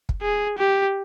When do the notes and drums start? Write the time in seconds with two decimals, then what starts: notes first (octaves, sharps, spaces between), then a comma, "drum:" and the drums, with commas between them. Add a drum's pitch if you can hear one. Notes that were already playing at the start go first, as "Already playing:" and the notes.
0.09 drum: kick
0.22 G#4
0.58 G4